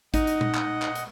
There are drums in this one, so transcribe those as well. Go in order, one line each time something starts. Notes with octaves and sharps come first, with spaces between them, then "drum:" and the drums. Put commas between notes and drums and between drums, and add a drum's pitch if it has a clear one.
D#4 D#5 F#5, drum: kick A1, hi-hat
drum: hi-hat
drum: tom A#2
drum: clap
drum: clap
drum: hi-hat